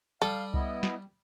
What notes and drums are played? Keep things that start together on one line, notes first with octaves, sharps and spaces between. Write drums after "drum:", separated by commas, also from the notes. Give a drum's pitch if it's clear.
G3 A4 F5 G5 D#6
B3 E4 D#5, drum: kick C2
drum: snare